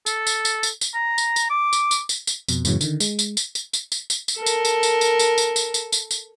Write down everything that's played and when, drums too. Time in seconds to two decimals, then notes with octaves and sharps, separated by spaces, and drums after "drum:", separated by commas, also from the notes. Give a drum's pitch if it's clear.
0.06 A4, drum: tambourine
0.27 drum: tambourine
0.45 drum: tambourine
0.63 drum: tambourine
0.81 drum: tambourine
0.94 A#5
1.18 drum: tambourine
1.36 drum: tambourine
1.50 D6
1.73 drum: tambourine
1.91 drum: tambourine
2.09 drum: tambourine
2.27 drum: tambourine
2.48 F2 B2, drum: tambourine
2.65 F#2 A2 C#3 E3 F#3, drum: tambourine
2.81 D3 D#3, drum: tambourine
3.00 G#3, drum: tambourine
3.19 drum: tambourine
3.37 drum: tambourine
3.55 drum: tambourine
3.73 drum: tambourine
3.92 drum: tambourine
4.10 drum: tambourine
4.28 drum: tambourine
4.37 A4 A#4
4.46 drum: tambourine
4.65 drum: tambourine
4.83 drum: tambourine
5.01 drum: tambourine
5.19 drum: tambourine
5.38 drum: tambourine
5.56 drum: tambourine
5.74 drum: tambourine
5.92 drum: tambourine
6.11 drum: tambourine